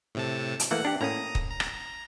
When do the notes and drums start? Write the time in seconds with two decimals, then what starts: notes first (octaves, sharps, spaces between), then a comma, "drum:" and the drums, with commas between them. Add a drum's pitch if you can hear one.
0.15 A2 C3 A5
0.60 drum: hi-hat
0.71 E3 A3 A#3 F#5
0.85 D4 G4
1.01 A2 A#3 C#4 A#5 D#6
1.35 drum: kick
1.50 A#5
1.60 drum: rim click